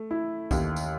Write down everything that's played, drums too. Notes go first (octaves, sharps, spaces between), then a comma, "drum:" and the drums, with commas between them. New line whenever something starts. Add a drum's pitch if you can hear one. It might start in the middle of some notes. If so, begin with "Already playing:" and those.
Already playing: A3
E4
D#2, drum: kick B1, tambourine
drum: tambourine